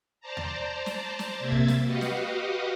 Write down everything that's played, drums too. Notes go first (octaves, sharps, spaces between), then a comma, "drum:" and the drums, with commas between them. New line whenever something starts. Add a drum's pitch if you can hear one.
C5 D5 A5 A#5
drum: tom D#2
drum: snare
drum: snare
C3 A#3 E5 G#6 A6
drum: kick
drum: snare
F#4 G4 B4 D#5 F5 F#5
drum: snare